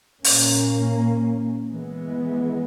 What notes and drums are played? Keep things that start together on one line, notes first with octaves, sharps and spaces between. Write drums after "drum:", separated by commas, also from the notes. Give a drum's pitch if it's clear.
A#2 A#3 C#4, drum: open hi-hat
E3 G#3 B3